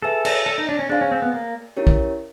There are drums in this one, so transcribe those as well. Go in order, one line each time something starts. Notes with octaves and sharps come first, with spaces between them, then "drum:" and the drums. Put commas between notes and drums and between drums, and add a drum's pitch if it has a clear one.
G#4 A4 B4 E5 G#5
A4, drum: cymbal
A4
D#4
D4
C#4
D4 G#4 C5 F5 G#5
C#4
C4
B3
A#3
C#4 E4 G4 A#4 C#5
drum: kick